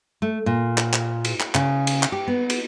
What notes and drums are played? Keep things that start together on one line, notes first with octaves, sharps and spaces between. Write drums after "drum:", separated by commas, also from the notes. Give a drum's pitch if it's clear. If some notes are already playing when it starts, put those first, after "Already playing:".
A3
A#2
drum: clap
drum: clap
drum: cymbal
drum: clap
C#3, drum: clap
drum: cymbal
drum: clap
G4
B3
drum: cymbal